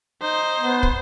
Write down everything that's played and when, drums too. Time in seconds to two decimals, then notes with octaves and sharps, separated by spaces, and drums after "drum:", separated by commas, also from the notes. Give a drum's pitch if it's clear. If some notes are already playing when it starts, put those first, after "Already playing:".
0.22 D#4 C5
0.60 B3
0.83 drum: kick